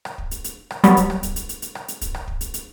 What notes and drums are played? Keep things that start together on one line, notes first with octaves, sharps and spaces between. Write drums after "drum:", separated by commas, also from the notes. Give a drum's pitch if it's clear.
drum: rim click
drum: kick
drum: hi-hat
drum: hi-hat
drum: rim click
F#3 G3 B3, drum: hi-hat
drum: kick, hi-hat
drum: rim click
drum: kick, hi-hat
drum: hi-hat
drum: hi-hat
drum: hi-hat
drum: rim click
drum: hi-hat
drum: kick, hi-hat
drum: rim click
drum: kick
drum: hi-hat
drum: hi-hat